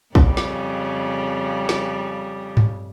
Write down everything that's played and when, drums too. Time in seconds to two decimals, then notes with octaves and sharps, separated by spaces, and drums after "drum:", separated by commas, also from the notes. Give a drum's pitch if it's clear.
0.15 F2 C#3 G3, drum: kick
0.37 drum: snare
1.69 drum: snare
2.57 drum: tom G2